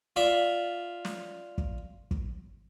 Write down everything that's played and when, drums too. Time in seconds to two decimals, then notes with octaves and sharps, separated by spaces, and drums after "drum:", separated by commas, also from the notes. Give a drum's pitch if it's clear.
0.16 F4 D5 E5
1.05 drum: snare
1.58 drum: kick
2.11 drum: kick